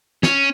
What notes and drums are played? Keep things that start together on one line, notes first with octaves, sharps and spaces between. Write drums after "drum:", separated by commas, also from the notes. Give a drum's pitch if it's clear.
C#4, drum: snare